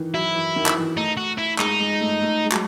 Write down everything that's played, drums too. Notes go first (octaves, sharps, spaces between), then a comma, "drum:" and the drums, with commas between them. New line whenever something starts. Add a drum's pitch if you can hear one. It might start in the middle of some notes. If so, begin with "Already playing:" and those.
Already playing: D#3 E3
F#3 E4
E3
D#3
drum: clap
E3
A3 D#4
F#4
E4
G#3 D#4, drum: clap
G#3
A3
A3
G#3
F#3, drum: clap